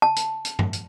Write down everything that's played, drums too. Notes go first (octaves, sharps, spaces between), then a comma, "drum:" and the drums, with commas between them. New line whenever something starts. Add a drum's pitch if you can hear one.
A5
drum: hi-hat
drum: hi-hat
drum: tom G2
drum: hi-hat